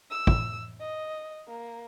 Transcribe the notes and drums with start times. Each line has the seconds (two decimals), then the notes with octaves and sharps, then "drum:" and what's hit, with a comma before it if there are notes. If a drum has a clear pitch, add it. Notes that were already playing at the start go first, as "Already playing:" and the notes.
0.11 E6
0.27 drum: kick
0.80 D#5
1.48 A#3